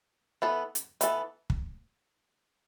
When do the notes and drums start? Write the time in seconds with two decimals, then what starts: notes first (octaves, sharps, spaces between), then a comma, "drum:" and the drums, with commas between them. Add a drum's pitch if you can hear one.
0.42 E3 B3 A4
0.75 drum: hi-hat
1.01 E3 B3 A4, drum: hi-hat
1.50 drum: kick